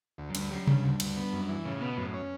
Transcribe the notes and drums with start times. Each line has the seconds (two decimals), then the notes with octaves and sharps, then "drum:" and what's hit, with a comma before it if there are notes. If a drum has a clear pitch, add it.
0.18 D2
0.30 F#2
0.35 D2 G2, drum: cymbal
0.50 F#2 G3
0.67 G2 C#3, drum: tom C3
0.83 D2
1.00 D2, drum: cymbal
1.17 B3
1.33 F#2
1.49 E3
1.65 A2 C#3
1.81 B2 B3
1.97 F#2 A2
2.14 C#4